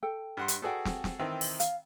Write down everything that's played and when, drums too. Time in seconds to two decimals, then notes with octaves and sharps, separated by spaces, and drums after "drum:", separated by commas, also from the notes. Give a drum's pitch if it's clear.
0.03 A4 G5
0.37 G2 F#5 C6
0.48 drum: hi-hat
0.62 F#4 G#4 A4 B4 D5 G5
0.85 drum: snare
1.04 drum: snare
1.19 D#3 E3 C4 B4 G5
1.41 drum: open hi-hat
1.60 F5, drum: hi-hat